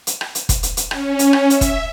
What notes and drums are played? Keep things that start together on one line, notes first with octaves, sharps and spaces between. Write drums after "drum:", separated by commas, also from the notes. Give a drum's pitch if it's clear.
drum: hi-hat
drum: rim click
drum: hi-hat
drum: kick, hi-hat
drum: hi-hat
drum: hi-hat
C#4, drum: rim click
drum: hi-hat
drum: rim click
E5, drum: hi-hat
drum: kick, hi-hat